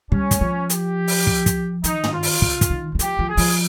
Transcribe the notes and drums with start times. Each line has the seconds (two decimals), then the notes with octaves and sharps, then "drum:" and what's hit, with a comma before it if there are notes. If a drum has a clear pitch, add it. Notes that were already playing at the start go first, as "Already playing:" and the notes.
0.12 G3 C#4, drum: kick
0.31 drum: kick, hi-hat
0.41 F3
0.70 G4, drum: hi-hat
1.08 drum: open hi-hat
1.27 drum: kick
1.46 drum: kick, hi-hat
1.84 D#3 D#4, drum: hi-hat
2.04 drum: tom
2.13 F4
2.23 drum: open hi-hat
2.42 C#3, drum: kick
2.61 drum: kick, hi-hat
2.70 D#3
2.95 D#3
2.99 F3 G4, drum: hi-hat
3.19 F3
3.28 G#4
3.37 F3, drum: open hi-hat